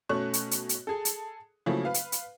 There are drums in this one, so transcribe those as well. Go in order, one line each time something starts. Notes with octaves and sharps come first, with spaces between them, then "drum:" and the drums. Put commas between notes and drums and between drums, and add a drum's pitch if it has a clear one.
B2 A3 C#4 C#6 F#6
drum: hi-hat
drum: hi-hat
drum: hi-hat
G#4 A4
drum: hi-hat
C#3 F3 F#3 A3 A#3 E4
B4 F5
drum: hi-hat
drum: hi-hat